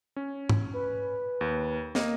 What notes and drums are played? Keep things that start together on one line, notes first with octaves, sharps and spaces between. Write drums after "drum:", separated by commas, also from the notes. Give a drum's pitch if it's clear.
C#4
drum: tom
B4
D#2
A#3 D#5, drum: snare